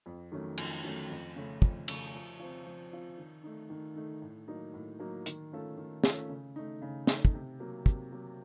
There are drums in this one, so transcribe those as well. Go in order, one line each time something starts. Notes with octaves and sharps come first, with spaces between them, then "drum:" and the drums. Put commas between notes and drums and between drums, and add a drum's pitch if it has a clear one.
F2
D#3 F#3 A3 C#4
F2, drum: cymbal
D#3 F#3 A3 C#4
F2
C#3 A3 C#4
F2, drum: kick
C#3 A3 C#4, drum: cymbal
F3
C4 F4
F3
C4 F4
D#3
A3 D#4
D#3
A3 D#4
A2
F#3 A#3 D#4
A2
F#3 A#3 D#4
D#3, drum: hi-hat
A3 C#4 F4 A4
D#3
A3 C#4 F4 A4, drum: snare
C#3
A3 D#4
C#3
A3 D#4, drum: snare
drum: kick
C3
F#3 A#3
C3, drum: kick
F#3 A#3